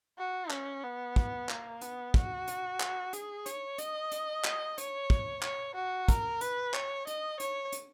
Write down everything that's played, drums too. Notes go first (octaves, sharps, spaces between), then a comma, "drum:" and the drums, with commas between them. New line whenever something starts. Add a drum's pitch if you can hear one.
F#4
C#4, drum: clap
B3
drum: kick
A#3, drum: clap
B3, drum: hi-hat
F#4, drum: kick
drum: hi-hat
drum: clap
G#4, drum: hi-hat
C#5, drum: hi-hat
D#5, drum: hi-hat
drum: hi-hat
drum: clap
C#5, drum: hi-hat
drum: kick
C#5, drum: clap
F#4
A#4, drum: kick, hi-hat
B4, drum: hi-hat
C#5, drum: clap
D#5, drum: hi-hat
C#5, drum: hi-hat
drum: hi-hat